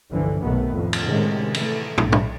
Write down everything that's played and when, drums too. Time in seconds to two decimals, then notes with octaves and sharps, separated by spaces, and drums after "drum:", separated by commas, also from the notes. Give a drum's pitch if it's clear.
0.11 G1 C2 D3 E3 F3
0.41 B1 C3 D#3 A3 B3
0.71 F2 A2
0.93 drum: cymbal
1.04 A2 C3 D#3 G#3 C#4
1.54 E3 A3, drum: cymbal
1.98 B1, drum: tom
2.12 drum: tom